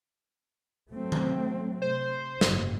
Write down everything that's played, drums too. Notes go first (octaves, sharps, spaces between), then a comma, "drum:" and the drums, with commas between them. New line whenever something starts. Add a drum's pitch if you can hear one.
F#3 A3 C4
drum: tom D#3
C3 C5
F#1 G#2, drum: snare